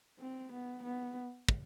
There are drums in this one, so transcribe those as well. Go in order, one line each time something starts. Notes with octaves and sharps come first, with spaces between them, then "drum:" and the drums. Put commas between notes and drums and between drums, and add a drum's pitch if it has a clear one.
C4
B3
B3
drum: kick